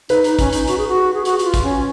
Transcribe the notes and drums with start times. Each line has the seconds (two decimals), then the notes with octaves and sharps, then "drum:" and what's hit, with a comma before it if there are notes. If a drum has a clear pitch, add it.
0.09 D#4 B4, drum: hi-hat
0.24 D#4, drum: hi-hat
0.39 C#4, drum: kick, hi-hat
0.53 D#4, drum: hi-hat
0.67 F#4, drum: hi-hat
0.78 G#4
0.88 F#4
1.14 G#4
1.25 F#4, drum: hi-hat
1.39 F#4, drum: hi-hat
1.44 F4
1.54 drum: kick, hi-hat
1.63 C#4